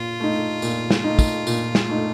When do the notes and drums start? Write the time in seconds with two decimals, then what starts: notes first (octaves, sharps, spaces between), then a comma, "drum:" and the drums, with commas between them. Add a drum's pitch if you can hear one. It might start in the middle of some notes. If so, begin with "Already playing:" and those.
Already playing: A#2 F4
0.20 A3 D#4
0.62 A#2, drum: tambourine
0.91 drum: snare
1.04 A3 D#4
1.19 drum: kick, tambourine
1.47 A#2, drum: tambourine
1.75 drum: snare
1.89 A3 D#4